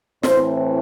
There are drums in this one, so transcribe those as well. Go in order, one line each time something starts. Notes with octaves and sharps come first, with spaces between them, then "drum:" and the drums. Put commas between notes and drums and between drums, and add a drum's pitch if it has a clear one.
A2 E3 A3 C4 C5, drum: snare